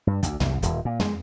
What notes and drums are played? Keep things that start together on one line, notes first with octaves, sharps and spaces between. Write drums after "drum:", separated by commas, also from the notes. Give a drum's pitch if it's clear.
G2
D2, drum: kick, hi-hat
C2, drum: tom
D#1, drum: hi-hat
A#2
G#3, drum: tom